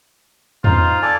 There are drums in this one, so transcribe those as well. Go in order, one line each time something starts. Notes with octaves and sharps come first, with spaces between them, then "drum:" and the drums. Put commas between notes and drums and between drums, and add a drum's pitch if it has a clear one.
D#4 F4 C5, drum: tom E2
A4 D5 G#5